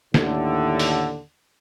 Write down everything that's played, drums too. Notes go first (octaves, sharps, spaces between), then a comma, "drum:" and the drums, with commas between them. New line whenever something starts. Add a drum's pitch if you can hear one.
D#2 A2 D3, drum: snare
drum: open hi-hat